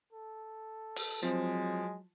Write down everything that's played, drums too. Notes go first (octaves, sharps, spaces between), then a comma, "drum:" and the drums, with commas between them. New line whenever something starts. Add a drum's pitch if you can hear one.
A4
drum: open hi-hat
F3 F#3 G#3 C4